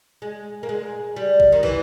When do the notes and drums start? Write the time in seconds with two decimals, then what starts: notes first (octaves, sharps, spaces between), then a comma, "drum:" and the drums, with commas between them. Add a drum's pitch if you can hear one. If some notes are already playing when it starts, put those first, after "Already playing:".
0.22 G#3
0.63 A#3
0.69 G#3
1.16 G3
1.40 drum: kick
1.52 D#3
1.63 E3, drum: kick